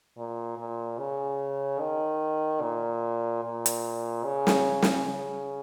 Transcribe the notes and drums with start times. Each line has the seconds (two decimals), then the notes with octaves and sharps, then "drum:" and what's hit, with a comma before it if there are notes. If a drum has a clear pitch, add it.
0.17 A#2
0.57 A#2
0.99 C#3
1.80 D#3
2.61 A#2
3.43 A#2
3.66 drum: hi-hat
4.24 C#3
4.47 drum: snare
4.82 drum: snare
5.05 C#3